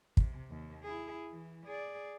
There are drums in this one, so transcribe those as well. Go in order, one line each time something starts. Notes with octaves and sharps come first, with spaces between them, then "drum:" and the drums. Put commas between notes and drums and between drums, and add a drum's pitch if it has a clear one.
C3, drum: kick
D#2
E4 G#4
E3
G#4 D5